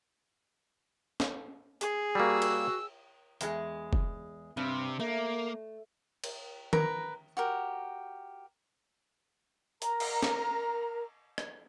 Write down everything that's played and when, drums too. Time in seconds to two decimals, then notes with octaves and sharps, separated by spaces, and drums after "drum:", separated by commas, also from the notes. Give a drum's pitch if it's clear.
1.20 drum: snare
1.81 G#4, drum: hi-hat
2.15 G3 A#3 F#4 E6
2.42 drum: cymbal
3.41 E2 G#3, drum: hi-hat
3.93 drum: kick F1
4.57 G2 C3
5.00 A3 A#3
6.24 drum: cymbal
6.73 A#4 B4 A#5, drum: tom D#3
7.37 F#4 G4 A#4
9.82 A#4 A#5, drum: hi-hat
10.00 drum: cymbal
10.23 drum: snare
11.38 drum: rim click